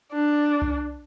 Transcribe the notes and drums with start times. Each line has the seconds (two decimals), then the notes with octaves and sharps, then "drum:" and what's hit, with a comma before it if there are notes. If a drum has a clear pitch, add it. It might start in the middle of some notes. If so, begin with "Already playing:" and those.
0.12 D4
0.62 drum: tom C2